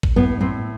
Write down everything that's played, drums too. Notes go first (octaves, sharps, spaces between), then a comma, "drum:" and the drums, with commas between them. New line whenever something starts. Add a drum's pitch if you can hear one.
drum: kick
A2 B3
A2 C4